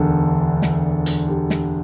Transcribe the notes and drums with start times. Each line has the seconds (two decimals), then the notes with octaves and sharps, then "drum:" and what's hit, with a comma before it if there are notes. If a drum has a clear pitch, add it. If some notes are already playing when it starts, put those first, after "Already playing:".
Already playing: E1 D2 D3 A4
0.62 drum: snare
1.06 drum: hi-hat
1.28 G4
1.50 drum: snare